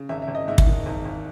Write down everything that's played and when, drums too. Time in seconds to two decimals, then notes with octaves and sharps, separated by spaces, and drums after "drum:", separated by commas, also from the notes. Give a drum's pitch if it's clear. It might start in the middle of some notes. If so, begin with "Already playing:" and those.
Already playing: C#3
0.09 G#1 E5
0.22 E5
0.28 G#1
0.35 D#5
0.48 G#2 E5
0.58 drum: kick
0.67 D#3
0.86 G#1
1.05 G#1